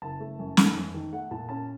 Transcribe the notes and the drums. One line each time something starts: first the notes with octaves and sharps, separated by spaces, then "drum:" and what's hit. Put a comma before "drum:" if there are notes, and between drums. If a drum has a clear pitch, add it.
F#1 A5
A3
F#2
D#3, drum: snare
F2
D#3
A3 F#5
A#2 A5
C#4 A5